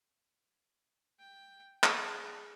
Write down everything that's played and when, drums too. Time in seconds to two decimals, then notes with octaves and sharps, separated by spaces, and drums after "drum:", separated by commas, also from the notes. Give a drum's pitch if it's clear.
1.19 G5
1.83 G#4, drum: clap